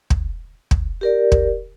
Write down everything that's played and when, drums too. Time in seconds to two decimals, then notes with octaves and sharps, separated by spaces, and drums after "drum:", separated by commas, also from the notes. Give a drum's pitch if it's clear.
0.10 drum: kick
0.71 drum: kick
1.01 G4 A#4 D5
1.32 drum: kick